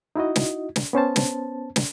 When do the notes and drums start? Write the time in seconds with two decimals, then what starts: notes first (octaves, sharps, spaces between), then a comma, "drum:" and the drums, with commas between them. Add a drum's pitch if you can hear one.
0.16 D#4 E4 F#4 D#5
0.36 drum: snare
0.76 drum: snare
0.93 B3 C#4 C5 A5
1.16 drum: snare
1.76 drum: snare